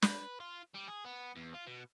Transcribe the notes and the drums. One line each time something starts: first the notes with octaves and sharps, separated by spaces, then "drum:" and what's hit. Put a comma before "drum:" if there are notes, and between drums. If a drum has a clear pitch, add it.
B4, drum: snare
F4
G3
G#4
B3
E2
F4
B2